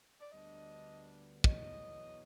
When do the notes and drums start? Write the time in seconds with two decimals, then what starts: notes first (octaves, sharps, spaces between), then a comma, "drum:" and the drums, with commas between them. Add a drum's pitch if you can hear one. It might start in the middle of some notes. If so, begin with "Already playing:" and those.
0.21 D5
0.32 D2 D3 G3 B3 D4 D#5
1.44 E2 B2 F#3 D#5, drum: kick